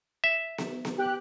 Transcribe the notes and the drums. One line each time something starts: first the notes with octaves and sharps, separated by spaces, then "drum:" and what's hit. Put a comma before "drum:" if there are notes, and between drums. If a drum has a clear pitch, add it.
E5
drum: snare B3
drum: snare B3
G4 F#6